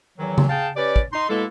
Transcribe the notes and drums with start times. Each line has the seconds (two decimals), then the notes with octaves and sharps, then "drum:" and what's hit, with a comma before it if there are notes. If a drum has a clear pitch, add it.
0.18 E2 D#3 E3 F#3
0.38 drum: tom C#3
0.49 G#4 F5 G5 A5
0.76 C#4 G4 B4 D5
0.96 drum: kick
1.13 D#4 C6
1.29 B2 G#3 A#3 E4 A4